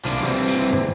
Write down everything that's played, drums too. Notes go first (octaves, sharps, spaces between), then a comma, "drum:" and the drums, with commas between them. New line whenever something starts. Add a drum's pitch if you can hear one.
C2 F3 D4, drum: hi-hat
E3 G3 C4
drum: open hi-hat
G2 D3 G#3